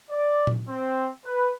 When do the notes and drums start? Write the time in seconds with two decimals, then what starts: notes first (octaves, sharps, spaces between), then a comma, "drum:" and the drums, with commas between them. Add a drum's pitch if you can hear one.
0.10 D5
0.47 drum: tom A#2
0.67 C4
1.23 B4